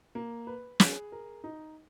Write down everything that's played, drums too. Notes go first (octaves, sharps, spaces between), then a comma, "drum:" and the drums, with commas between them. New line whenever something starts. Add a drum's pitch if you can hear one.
A#3
B4
G#4, drum: snare
A#4
D#4